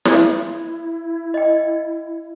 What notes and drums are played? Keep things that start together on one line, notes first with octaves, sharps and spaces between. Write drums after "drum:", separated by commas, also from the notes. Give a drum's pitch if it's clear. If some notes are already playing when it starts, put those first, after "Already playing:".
drum: snare E4
E4
D#5 G5